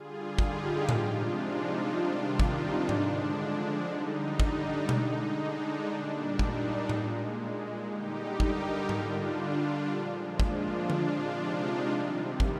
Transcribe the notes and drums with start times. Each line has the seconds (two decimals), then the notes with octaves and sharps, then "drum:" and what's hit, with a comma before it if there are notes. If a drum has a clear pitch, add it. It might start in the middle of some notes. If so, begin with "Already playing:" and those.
Already playing: D3 G3 F4 G#4
0.39 D#4 G4, drum: kick
0.89 C3 F3 G#3 D4 F4, drum: tom A2
1.39 D#4
1.89 C3 D#3 G3 D4 F4
2.40 D#4, drum: kick
2.89 D3 F3 G#3 D4, drum: tom G#2
3.89 D3 G3 D#4
4.40 D4, drum: kick
4.89 D3 G#3 D#4, drum: tom B2
5.40 D4
5.89 A#2 G3 D4
6.39 D#4, drum: kick
6.89 A#2 G#3, drum: tom A2
7.89 D3 G3 D#4 G4
8.40 G4 A#4, drum: kick
8.89 D3 G3 D4 F4, drum: tom G#2
9.90 A#2 F3 G#3
10.40 D4 F4, drum: kick
10.90 C3 F3 G#3 D4 F4, drum: tom D3
11.40 D#4
11.89 C3 D#3 G3
12.40 drum: kick